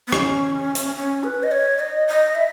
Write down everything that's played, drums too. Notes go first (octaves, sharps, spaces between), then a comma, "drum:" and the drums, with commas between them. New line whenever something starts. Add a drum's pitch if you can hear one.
B3
C#4, drum: rim click
drum: hi-hat
C#4
B4
D#5
C#5
D#5
D#5
E5